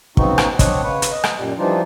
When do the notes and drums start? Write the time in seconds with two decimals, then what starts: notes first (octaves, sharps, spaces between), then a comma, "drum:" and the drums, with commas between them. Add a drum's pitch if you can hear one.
0.17 C#3 B3 C4 D#4 F#4, drum: kick
0.38 drum: rim click
0.59 C4 D4 C#5 D#5 F#5, drum: kick, hi-hat
0.83 C#3 B4 C#5
1.02 drum: hi-hat
1.12 D#5
1.24 drum: rim click
1.38 F#2 A#2 G3
1.59 E3 F3 G3 D4 D#4 F4